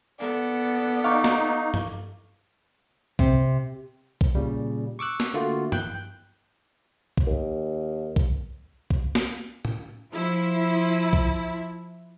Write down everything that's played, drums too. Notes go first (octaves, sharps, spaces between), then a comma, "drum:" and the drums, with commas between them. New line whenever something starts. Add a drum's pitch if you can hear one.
B3 A4 D5
D#4 F5 C#6 D6
drum: snare
drum: tom G2
C3, drum: kick B1
drum: kick B1
A#2 C#3 G3
C#6 D6 E6 F#6
drum: snare
D3 A3 A#3 F4 F#4
G5 F#6 G6, drum: tom G2
drum: kick B1
D#2
drum: kick B1
drum: kick B1
drum: snare
drum: tom A2
F3 E4
drum: kick B1